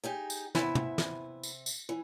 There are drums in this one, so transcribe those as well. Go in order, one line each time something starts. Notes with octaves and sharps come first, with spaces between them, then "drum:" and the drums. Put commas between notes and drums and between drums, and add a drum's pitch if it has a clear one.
D#4 G4 G#4
drum: tambourine
C3 B3 E4 E5 G#5, drum: snare
drum: tom
drum: snare
drum: tambourine
drum: tambourine
E3